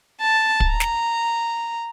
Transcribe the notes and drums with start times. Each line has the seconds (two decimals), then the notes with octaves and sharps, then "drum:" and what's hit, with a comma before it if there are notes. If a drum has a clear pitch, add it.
0.21 A5
0.60 drum: kick
0.70 A#5
0.80 drum: snare